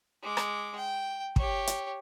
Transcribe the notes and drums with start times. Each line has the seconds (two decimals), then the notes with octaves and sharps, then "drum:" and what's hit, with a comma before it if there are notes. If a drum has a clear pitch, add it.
0.23 G#3 D6
0.37 drum: rim click
0.75 G5
1.36 G4 C#5, drum: kick
1.67 drum: hi-hat